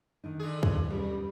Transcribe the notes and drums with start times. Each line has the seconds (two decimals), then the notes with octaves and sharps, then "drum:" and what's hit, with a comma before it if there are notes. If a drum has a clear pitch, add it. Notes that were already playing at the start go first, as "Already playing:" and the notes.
0.24 D#3 D4 D#4
0.39 D3 G#4
0.63 drum: kick
0.91 A#2 G3 C#4 B4